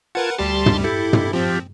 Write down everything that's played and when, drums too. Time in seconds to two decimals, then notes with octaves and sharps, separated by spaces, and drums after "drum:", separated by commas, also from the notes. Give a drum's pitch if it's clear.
0.15 F4 A#4 B4 F#5 A5 G#6
0.38 D2 G3 G4 A5 C6
0.66 drum: tom
0.84 E4 G4 A4
1.13 drum: tom
1.33 F3 C4 F4 G4